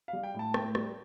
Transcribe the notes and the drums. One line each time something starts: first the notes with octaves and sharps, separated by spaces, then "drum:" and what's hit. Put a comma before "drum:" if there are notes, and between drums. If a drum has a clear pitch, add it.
F5
G3
G5
A2
A5
A2 G5, drum: rim click
G3, drum: rim click